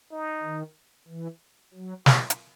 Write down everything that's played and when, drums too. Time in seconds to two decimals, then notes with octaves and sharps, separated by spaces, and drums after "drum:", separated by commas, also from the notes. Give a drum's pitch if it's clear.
0.11 D#4
0.43 D#3
1.08 E3
1.74 F#3
2.06 F#4, drum: snare
2.30 drum: hi-hat